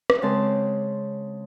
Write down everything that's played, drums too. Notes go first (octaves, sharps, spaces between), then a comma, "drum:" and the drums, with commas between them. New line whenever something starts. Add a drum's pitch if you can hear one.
drum: rim click
C#3 G#3 C4 A5 C6